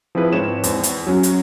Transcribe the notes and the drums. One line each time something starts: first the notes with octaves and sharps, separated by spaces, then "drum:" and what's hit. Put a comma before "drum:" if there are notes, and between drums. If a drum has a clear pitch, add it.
F3 C4 E4 G#4 B4
G#2 C4 C#5 E7
E2, drum: hi-hat
drum: hi-hat
F#3 C#4 F#4
drum: hi-hat